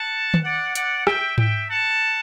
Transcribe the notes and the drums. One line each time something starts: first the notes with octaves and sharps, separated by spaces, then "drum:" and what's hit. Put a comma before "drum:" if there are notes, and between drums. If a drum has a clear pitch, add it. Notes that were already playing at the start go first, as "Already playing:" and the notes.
Already playing: F#5 A5
drum: tom D#3
D5 F#5
D5 F#5, drum: hi-hat
E5 G5, drum: rim click
E5 G5, drum: tom G#2
F#5 A5